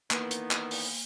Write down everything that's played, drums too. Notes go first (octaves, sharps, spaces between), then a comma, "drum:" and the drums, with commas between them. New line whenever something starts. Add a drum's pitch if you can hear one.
D#3 E3 A#3 B3, drum: clap
drum: hi-hat
drum: clap
drum: open hi-hat